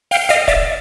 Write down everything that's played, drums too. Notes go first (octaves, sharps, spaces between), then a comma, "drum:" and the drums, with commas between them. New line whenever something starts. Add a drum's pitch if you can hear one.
F5 G5, drum: open hi-hat
D#5 F5, drum: hi-hat
D5 E5, drum: kick E1, hi-hat